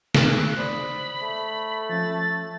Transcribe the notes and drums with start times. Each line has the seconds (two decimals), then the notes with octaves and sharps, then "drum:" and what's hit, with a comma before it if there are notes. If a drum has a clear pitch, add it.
0.15 F#6, drum: snare
0.57 C5 D5 B5 D#6
1.22 A3
1.89 F3 C#4 A6